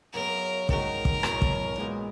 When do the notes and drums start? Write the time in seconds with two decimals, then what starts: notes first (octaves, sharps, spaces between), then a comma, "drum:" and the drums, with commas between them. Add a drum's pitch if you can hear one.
0.13 F#2 C#3 F#3 B3 A#4
0.69 D#3 G#3 C#4 F#4 A#4, drum: kick
1.05 drum: kick
1.23 E2 B2 F#3 C#4, drum: rim click
1.42 drum: kick
1.78 A#2 G#3 B3 D#4 F#4